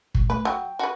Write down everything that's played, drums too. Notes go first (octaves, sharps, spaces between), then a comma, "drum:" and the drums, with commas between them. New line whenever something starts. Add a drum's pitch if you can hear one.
C2 A#2, drum: kick
A3 B4
F#3 G5
F#4 B4